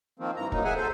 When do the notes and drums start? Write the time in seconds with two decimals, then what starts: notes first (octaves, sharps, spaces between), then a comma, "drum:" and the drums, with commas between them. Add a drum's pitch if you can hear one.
0.19 D#3 F3 A#3 C4
0.37 G2 E3 A#5
0.52 F#3 A#3 D#4, drum: kick
0.65 G#4 E5 F#5 G#5
0.76 A4 C5